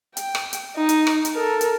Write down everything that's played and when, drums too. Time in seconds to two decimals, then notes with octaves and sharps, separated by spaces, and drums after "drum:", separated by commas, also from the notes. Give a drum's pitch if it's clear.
0.17 G5, drum: hi-hat
0.35 drum: rim click
0.53 drum: hi-hat
0.76 D#4
0.89 drum: hi-hat
1.07 drum: rim click
1.25 drum: hi-hat
1.34 A4 A#4
1.61 drum: hi-hat